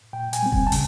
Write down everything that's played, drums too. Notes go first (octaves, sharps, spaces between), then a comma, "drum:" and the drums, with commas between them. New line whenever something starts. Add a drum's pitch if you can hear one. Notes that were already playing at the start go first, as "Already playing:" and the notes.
A#2 G5
G#5, drum: hi-hat
G3 C4
drum: kick E1
A5
C#3, drum: open hi-hat